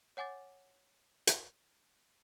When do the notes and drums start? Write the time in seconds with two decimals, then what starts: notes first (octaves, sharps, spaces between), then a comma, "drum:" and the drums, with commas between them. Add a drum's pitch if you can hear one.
0.17 C#5 F#5 G#5 D6 A6
1.27 drum: hi-hat